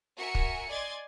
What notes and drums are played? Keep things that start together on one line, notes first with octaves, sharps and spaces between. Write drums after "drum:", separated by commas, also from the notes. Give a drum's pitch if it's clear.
F#4 A#4 E5 G#5 C#7
drum: kick
D5 D#5 G#5 C6 G#6 A6